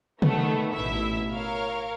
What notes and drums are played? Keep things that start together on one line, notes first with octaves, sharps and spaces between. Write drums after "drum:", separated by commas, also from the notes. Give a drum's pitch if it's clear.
D#3 A3 B3, drum: tom C3
A1 B2 E4 E5
A#4 C#5 F5